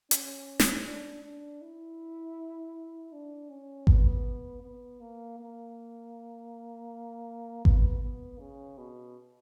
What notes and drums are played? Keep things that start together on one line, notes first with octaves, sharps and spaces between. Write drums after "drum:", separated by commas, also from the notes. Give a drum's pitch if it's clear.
C#4, drum: hi-hat
drum: snare
D4
D4
E4
D4
C#4
B3, drum: kick G#1
B3
A#3
A#3
B3, drum: kick G#1
B3
C#3
B2